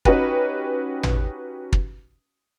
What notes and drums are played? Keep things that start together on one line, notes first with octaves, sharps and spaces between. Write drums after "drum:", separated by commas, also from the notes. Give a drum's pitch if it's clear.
C#4 D#4 F#4 G4 B4, drum: kick
drum: tom
drum: kick